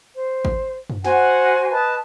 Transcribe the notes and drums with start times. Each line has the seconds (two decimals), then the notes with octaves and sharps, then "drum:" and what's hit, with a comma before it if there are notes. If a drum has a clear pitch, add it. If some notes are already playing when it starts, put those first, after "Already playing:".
0.17 C5
0.45 drum: kick
0.90 drum: tom F#2
1.05 F#4 C5 F#5 G#5, drum: snare
1.71 B4 D#5 A5